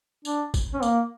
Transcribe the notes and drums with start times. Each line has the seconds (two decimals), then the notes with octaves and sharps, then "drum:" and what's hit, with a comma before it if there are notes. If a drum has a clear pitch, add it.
0.25 D4, drum: tambourine
0.54 drum: kick, tambourine
0.74 C#4
0.83 A#3, drum: tambourine